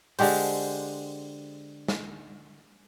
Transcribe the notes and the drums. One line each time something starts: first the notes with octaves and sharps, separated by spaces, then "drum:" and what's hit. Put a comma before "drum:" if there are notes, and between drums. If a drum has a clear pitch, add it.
D3 G#3 G4 C5, drum: open hi-hat
drum: snare